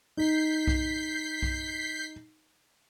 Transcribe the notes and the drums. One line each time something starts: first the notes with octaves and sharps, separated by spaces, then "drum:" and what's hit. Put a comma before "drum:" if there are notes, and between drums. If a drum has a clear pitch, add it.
D#4 G6 B6 C7
drum: kick B1
drum: kick B1